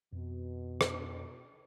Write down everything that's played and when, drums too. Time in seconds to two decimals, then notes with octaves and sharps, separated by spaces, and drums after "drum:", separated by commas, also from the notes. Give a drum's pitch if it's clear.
0.13 F2 B2
0.81 drum: rim click